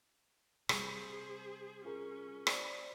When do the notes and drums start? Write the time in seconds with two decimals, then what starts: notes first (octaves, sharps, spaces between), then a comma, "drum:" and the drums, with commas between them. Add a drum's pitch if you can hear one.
0.69 C3 G3 G#4 C5, drum: rim click
1.85 C#4 F4 G#4 A#4
2.47 C5 D5, drum: rim click